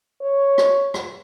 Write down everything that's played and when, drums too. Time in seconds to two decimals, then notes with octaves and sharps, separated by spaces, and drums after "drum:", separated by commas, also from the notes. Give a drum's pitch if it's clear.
0.22 C#5
0.58 drum: rim click
0.94 drum: rim click